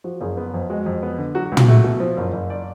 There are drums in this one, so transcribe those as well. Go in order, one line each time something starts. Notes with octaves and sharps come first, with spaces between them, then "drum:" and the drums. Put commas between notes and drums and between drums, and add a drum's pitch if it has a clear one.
F3 F#4
F#1 G#4
B3
F2
G#3 F#4
F2
B3
D3
F#3 F#4
F#4
C#2
F4, drum: tom
A3 F#4
B2
F3
F#1
F#1
D5